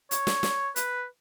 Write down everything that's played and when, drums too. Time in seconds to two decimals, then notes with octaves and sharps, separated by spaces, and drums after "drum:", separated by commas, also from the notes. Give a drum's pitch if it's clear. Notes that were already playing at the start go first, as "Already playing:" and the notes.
0.11 C#5, drum: hi-hat
0.27 drum: snare
0.43 drum: snare
0.76 B4, drum: hi-hat